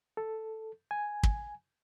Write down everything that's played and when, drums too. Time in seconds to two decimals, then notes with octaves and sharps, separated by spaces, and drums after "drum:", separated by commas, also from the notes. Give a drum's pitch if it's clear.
0.17 A4
0.91 G#5
1.23 drum: kick